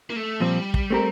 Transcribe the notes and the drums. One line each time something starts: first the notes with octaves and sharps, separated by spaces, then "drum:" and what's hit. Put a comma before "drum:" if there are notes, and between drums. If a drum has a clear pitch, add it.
A#3
A3
A#2 F3 G3 C4
drum: kick
A3 C4 G4 A#4